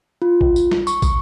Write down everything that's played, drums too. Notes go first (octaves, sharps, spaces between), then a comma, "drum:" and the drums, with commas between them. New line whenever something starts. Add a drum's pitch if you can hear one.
F4
drum: kick
drum: tambourine
drum: snare
C#6, drum: tambourine
drum: kick, tambourine